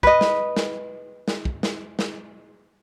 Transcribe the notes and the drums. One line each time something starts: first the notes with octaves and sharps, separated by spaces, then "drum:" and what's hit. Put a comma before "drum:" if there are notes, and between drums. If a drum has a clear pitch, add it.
B4 D#5, drum: kick
drum: snare
drum: snare
drum: snare
drum: kick
drum: snare
drum: snare